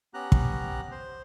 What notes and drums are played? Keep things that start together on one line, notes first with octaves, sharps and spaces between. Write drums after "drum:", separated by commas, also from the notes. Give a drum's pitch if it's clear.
B3 C#4 G4 A#5 F#6
drum: kick
C5